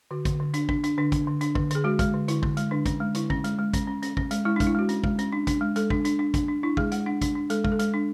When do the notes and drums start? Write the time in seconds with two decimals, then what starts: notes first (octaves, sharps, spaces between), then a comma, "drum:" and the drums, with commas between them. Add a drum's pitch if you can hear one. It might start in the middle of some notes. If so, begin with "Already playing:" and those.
0.11 D3 F#4
0.25 D3, drum: kick, hi-hat
0.40 D3
0.54 D4, drum: hi-hat
0.69 D4, drum: kick
0.84 D4, drum: hi-hat
0.98 D3 D4
1.12 D4, drum: kick, hi-hat
1.27 D3
1.41 D4, drum: hi-hat
1.55 D3, drum: kick
1.71 D3 G#4, drum: hi-hat
1.84 G#3 F#4
1.99 G#3, drum: kick, hi-hat
2.14 D3
2.28 D3 E4, drum: hi-hat
2.43 D3, drum: kick
2.57 G#3, drum: hi-hat
2.71 D3 D4
2.86 C#4, drum: kick, hi-hat
3.00 G#3
3.15 D3 E4, drum: hi-hat
3.30 C#4, drum: kick
3.44 G#3, drum: hi-hat
3.59 G#3
3.74 C#4, drum: kick, hi-hat
3.88 C#4
4.03 C#4, drum: hi-hat
4.17 C#4, drum: kick
4.31 G#3, drum: hi-hat
4.45 G#3 E4
4.56 D4
4.60 G#3, drum: kick, hi-hat
4.67 E4
4.75 G#3 F#4
4.89 C#4, drum: hi-hat
5.04 G#3, drum: kick
5.19 C#4, drum: hi-hat
5.33 D4
5.47 D4, drum: kick, hi-hat
5.61 G#3
5.76 G#3 A4, drum: hi-hat
5.90 D4, drum: kick
6.05 D4, drum: hi-hat
6.19 D4
6.34 D4, drum: kick, hi-hat
6.48 D4
6.63 D4 E4
6.77 G#3 G#4, drum: kick
6.92 G#3 F#5, drum: hi-hat
7.06 D4 F#5
7.21 D4, drum: kick, hi-hat
7.35 D4
7.50 G#3 A4, drum: hi-hat
7.65 G#3, drum: kick
7.72 A4
7.79 G#3, drum: hi-hat
7.94 D4